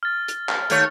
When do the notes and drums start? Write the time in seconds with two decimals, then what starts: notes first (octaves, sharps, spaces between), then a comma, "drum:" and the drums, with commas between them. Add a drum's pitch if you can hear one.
0.03 F6 A6
0.28 drum: hi-hat
0.49 drum: clap
0.70 D#2 A3 C#5, drum: hi-hat